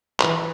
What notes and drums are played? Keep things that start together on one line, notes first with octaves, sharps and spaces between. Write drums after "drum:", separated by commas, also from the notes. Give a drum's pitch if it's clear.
E3, drum: clap